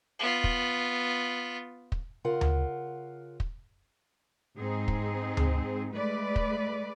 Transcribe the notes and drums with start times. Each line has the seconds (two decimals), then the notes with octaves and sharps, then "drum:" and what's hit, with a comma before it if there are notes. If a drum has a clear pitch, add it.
0.19 B3 F4
0.44 drum: kick
1.92 drum: kick
2.24 C#3 F4 A#4 F#5
2.41 drum: tom D2
3.40 drum: kick
4.56 G#2 C4 D#4 G#4
4.88 drum: kick
5.37 drum: tom D2
5.92 G#3 A3 B4 D5
6.36 drum: kick